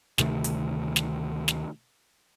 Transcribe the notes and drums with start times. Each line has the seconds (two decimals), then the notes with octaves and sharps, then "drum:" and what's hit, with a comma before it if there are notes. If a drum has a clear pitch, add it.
0.18 D2 C3 D#3 A3, drum: snare
0.44 drum: hi-hat
0.96 drum: snare
1.48 drum: snare